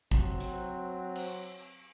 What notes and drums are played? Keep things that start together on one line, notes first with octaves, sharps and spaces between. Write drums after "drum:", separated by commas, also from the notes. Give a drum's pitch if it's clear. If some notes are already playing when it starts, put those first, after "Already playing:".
F#3 C4, drum: kick
drum: hi-hat
drum: cymbal